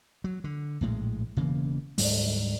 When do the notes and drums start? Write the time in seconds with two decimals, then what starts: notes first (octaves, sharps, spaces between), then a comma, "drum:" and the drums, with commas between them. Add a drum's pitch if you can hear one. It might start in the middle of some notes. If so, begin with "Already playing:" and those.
0.24 F#3
0.44 D3
0.81 A#1 A2 G#3
1.37 E1 C#3 E3 A#3
1.98 D2 G#2 F#3 G3, drum: open hi-hat